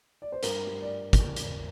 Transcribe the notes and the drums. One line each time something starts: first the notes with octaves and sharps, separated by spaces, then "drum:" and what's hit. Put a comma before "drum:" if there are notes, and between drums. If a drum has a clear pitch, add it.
D5
C5
G2 A#4, drum: hi-hat
G3
D5
drum: kick, hi-hat
drum: hi-hat